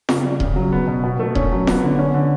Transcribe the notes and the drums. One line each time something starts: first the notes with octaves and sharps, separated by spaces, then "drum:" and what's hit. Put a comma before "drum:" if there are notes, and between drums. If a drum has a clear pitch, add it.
C#3, drum: snare F4
G3
C#3, drum: kick D#1
F#3
B3
B2
B2
A3
C#4, drum: kick D#1
F#3
B3, drum: snare F4
D3
C#4
D3